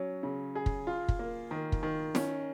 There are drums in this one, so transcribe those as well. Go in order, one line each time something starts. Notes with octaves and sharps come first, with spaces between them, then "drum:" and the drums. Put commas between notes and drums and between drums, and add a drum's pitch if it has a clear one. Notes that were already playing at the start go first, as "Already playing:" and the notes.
Already playing: F#3 C#4
C#3
G#4
drum: kick
F4
drum: kick
A#3
D#3
drum: kick
D#3
C#4, drum: snare